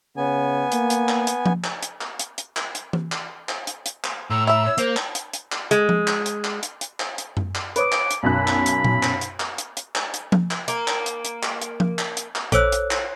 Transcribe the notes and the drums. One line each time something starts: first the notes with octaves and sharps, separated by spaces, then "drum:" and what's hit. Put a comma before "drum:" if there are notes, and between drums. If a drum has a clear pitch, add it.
C#3 B3 G#5
A#3, drum: hi-hat
drum: hi-hat
drum: clap
drum: hi-hat
drum: tom F3
drum: clap
drum: hi-hat
drum: clap
drum: hi-hat
drum: hi-hat
drum: clap
drum: hi-hat
drum: tom E3
drum: clap
drum: clap
drum: hi-hat
drum: hi-hat
drum: clap
A2 A#5 E6
E4 E5 E6
C#5
A#3 C5, drum: hi-hat
drum: clap
drum: hi-hat
drum: hi-hat
drum: clap
G#3, drum: hi-hat
drum: tom F3
drum: clap
drum: hi-hat
drum: clap
drum: hi-hat
drum: hi-hat
drum: clap
drum: hi-hat
drum: tom F#2
drum: clap
B4 C#5 D6 D#6, drum: hi-hat
drum: clap
drum: hi-hat
B1 F#2 B5 F#6
drum: clap
drum: hi-hat
drum: tom A#2
drum: clap
drum: hi-hat
drum: clap
drum: hi-hat
drum: hi-hat
drum: clap
drum: hi-hat
drum: tom F3
drum: clap
A#3, drum: hi-hat
drum: clap
drum: hi-hat
drum: hi-hat
drum: clap
drum: hi-hat
drum: tom F3
drum: clap
drum: hi-hat
drum: clap
A#1 A4 C5 C#5 E6 F#6, drum: hi-hat
drum: hi-hat
drum: clap